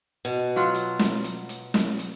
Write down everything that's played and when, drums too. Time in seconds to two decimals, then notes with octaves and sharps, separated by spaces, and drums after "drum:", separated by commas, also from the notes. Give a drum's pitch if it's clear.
0.25 B2
0.56 F#3 F4 F#5
0.74 drum: hi-hat
0.99 drum: snare
1.24 drum: hi-hat
1.49 drum: hi-hat
1.74 drum: snare
1.99 drum: hi-hat